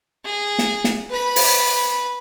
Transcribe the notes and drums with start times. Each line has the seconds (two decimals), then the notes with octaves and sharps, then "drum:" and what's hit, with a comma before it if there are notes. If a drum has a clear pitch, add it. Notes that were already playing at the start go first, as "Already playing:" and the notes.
0.25 G#4
0.59 drum: snare
0.84 drum: snare
1.10 B4 B5
1.36 drum: open hi-hat